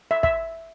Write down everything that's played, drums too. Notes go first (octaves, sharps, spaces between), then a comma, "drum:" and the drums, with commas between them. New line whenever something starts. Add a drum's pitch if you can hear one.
E5
E5, drum: kick